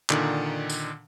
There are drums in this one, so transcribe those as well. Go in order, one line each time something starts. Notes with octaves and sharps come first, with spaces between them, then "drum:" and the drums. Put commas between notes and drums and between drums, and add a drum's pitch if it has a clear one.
A#2 D3 D#3, drum: clap
drum: tambourine